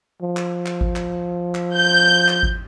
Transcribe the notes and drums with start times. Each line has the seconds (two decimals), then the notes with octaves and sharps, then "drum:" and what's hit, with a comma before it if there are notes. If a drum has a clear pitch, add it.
0.22 F3
0.37 drum: clap
0.66 drum: clap
0.81 drum: kick G#1
0.96 drum: clap
1.55 drum: clap
1.76 G6
2.28 drum: clap
2.43 drum: kick G#1